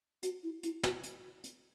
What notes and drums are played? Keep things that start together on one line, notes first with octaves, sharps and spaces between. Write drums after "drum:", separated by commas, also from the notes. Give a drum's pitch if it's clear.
F#4, drum: hi-hat
E4
E4, drum: hi-hat
F#4, drum: snare
drum: hi-hat
drum: hi-hat